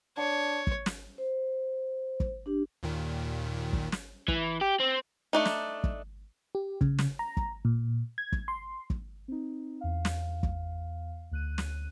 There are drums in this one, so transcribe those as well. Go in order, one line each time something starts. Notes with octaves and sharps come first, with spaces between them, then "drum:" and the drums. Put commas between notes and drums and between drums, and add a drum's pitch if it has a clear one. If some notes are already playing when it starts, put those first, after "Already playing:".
D4 C#5
drum: kick
drum: snare
C5
drum: kick
D4 G4
D#2 A#2 D#3
drum: kick
drum: snare
E3, drum: kick
G4
C4
A3 D4 D#4
drum: snare
drum: kick
G4
C#3, drum: kick
drum: snare
A#5
drum: kick
A#2
G#6
drum: kick
C6
drum: kick
C4 D#4
E2 F5
drum: snare
drum: kick
D2 F#6 D#7
drum: snare